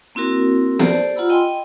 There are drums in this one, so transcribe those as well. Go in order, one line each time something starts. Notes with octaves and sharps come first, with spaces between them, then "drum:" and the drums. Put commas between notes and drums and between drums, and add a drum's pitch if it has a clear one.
A#3 C4 E4 F#4 A#4
G4 A4 C5 D5 A5, drum: snare
F4 F#5 A#5 B5 E6
D#5 G5 G#5 C6